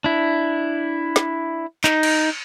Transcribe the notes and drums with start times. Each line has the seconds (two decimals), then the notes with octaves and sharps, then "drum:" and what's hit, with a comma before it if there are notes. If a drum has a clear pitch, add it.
0.04 D4 E4
1.16 drum: snare
1.84 D#4, drum: clap
2.03 drum: cymbal